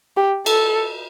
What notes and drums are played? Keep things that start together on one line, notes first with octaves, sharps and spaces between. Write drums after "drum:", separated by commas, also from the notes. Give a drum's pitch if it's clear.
G4
A4, drum: cymbal